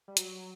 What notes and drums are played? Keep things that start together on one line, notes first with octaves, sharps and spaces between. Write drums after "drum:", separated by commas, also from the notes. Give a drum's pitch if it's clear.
G3
F#3, drum: hi-hat